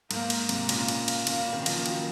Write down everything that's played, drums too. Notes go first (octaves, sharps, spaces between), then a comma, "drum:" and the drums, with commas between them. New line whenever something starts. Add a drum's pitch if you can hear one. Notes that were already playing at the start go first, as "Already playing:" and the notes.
G#2 A#3, drum: cymbal
drum: cymbal
G#2 C3, drum: cymbal
A#2 C#3, drum: cymbal
drum: cymbal
drum: cymbal
A#2 C#3 A#3, drum: cymbal
A#2 C#3
C3 D#3
C#3 F3 A#3, drum: cymbal
D#3 F#3, drum: cymbal